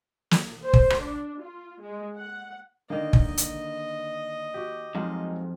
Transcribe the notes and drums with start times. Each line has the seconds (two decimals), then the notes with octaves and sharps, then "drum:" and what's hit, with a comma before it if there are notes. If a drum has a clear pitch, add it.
0.31 drum: snare
0.64 C5
0.73 drum: kick
0.90 drum: rim click
1.01 D4
1.41 F4
1.81 G#3
2.18 F#5
2.90 D3 D#3 A#3 D#5
3.13 drum: kick
3.37 drum: hi-hat
4.54 F#4 G4
4.95 F2 F#3 G#3 D#4 F4